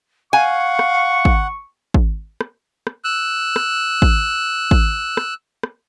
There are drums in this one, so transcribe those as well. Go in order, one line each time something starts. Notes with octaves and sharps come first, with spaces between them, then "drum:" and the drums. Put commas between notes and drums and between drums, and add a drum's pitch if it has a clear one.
F5 F#5 G#5 C#6
drum: rim click
drum: kick
drum: kick
drum: rim click
drum: rim click
E6 F#6
drum: rim click
drum: kick
drum: kick
drum: rim click
drum: rim click